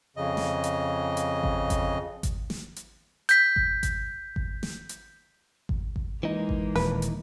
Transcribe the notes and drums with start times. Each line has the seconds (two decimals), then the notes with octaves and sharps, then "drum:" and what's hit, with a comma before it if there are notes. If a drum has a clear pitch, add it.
0.17 F2 C#3 D#5
0.37 drum: snare
0.64 drum: hi-hat
1.17 drum: hi-hat
1.43 drum: kick G#1
1.70 drum: kick G#1, hi-hat
2.23 drum: kick G#1, hi-hat
2.50 drum: snare
2.76 drum: hi-hat
3.29 G6 B6, drum: hi-hat
3.56 drum: kick G#1
3.83 drum: kick G#1, hi-hat
4.36 drum: kick G#1
4.63 drum: snare
4.89 drum: hi-hat
5.69 drum: kick G#1
5.96 drum: kick G#1
6.23 E3 G#3 A#3 D#4
6.49 drum: kick G#1
6.76 D#1 D#2 B4, drum: snare
7.02 drum: hi-hat